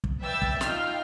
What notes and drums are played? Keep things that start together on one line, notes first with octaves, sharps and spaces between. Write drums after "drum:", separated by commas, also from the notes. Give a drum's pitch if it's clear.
drum: kick
B4 D5 E5 G5 E6 A6
drum: kick
D#4 F4 G5 F6, drum: snare